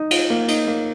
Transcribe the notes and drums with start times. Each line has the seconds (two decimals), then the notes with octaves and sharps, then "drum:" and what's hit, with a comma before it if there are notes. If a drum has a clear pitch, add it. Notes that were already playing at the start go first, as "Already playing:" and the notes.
Already playing: D#4
0.11 F4, drum: cymbal
0.30 A#3
0.48 D#4, drum: cymbal
0.68 A#3